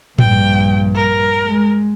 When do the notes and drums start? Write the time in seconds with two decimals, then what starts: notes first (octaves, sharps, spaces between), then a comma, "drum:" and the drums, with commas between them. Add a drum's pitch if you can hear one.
0.19 A#1 G2 G5, drum: tom A2
0.95 A#4
1.44 G#3